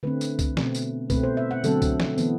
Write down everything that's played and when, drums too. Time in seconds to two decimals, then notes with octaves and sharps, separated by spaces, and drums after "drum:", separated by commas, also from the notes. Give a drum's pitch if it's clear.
0.03 D3 A3 C4 B4
0.21 drum: tambourine
0.39 drum: kick C2, tambourine
0.57 B2 A3 C4, drum: snare
0.75 drum: tambourine
1.10 B2 A3 C4 B4, drum: kick C2, tambourine
1.23 C5
1.37 E5
1.51 F#5
1.64 D3 F#3 A3 C4 A4, drum: tambourine
1.82 drum: kick C2, tambourine
2.00 drum: snare
2.18 E3 B3, drum: tambourine